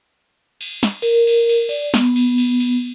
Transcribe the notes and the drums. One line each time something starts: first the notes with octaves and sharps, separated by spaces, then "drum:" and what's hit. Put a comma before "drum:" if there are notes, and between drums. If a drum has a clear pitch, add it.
drum: cymbal
drum: snare
A#4, drum: cymbal
drum: cymbal
drum: cymbal
D5, drum: cymbal
B3, drum: snare
drum: cymbal
drum: cymbal
drum: cymbal